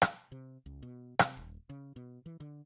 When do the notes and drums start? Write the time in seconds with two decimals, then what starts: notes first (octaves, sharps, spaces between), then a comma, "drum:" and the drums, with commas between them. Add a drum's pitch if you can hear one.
0.02 drum: rim click
0.32 C3
0.66 C#2
0.83 B2
1.19 C3, drum: rim click
1.37 D#1
1.69 C#3
1.96 B2
2.26 E3
2.40 D3